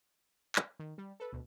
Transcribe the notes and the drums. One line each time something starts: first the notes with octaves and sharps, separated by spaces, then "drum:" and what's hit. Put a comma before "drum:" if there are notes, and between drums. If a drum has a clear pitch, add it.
drum: clap
D#3
G3
A4 B4
D2 B2